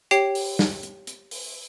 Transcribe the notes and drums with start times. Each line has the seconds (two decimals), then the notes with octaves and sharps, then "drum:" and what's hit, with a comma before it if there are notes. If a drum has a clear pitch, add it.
0.11 G4 C#5 G5 C7, drum: hi-hat
0.35 drum: open hi-hat
0.59 drum: snare
0.83 drum: hi-hat
1.07 drum: hi-hat
1.31 drum: open hi-hat